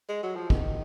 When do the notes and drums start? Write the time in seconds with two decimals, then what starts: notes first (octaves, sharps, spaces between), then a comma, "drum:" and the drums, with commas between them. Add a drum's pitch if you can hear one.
0.09 G#3
0.23 F#3
0.36 F3
0.50 D#3, drum: kick